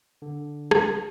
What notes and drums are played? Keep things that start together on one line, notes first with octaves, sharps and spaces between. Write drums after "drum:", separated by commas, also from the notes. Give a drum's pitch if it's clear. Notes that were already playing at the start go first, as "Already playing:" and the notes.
D3
drum: rim click